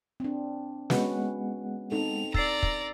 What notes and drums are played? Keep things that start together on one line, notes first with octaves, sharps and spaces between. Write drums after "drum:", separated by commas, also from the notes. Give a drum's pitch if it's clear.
C4 D4
G#3 B3 C#4 F#4 B4 F#5, drum: snare
C4 D#4 A4 F7
D5 A#5 E6 A6 C7, drum: kick
drum: kick